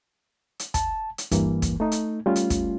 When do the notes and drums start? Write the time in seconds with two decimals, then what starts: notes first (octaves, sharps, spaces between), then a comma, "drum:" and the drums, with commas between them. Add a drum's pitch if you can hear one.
0.59 drum: hi-hat
0.74 A5, drum: kick, hi-hat
1.18 drum: hi-hat
1.31 G2 E3 A#3, drum: kick, hi-hat
1.62 drum: kick, hi-hat
1.80 A3 D#4
1.92 drum: hi-hat
2.26 G3 A3 C#4 F4
2.36 drum: hi-hat
2.50 drum: kick, hi-hat